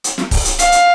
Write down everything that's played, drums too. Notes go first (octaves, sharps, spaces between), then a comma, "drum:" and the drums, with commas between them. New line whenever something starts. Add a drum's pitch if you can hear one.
drum: hi-hat
drum: snare
drum: kick, open hi-hat
drum: hi-hat
F5, drum: hi-hat
drum: hi-hat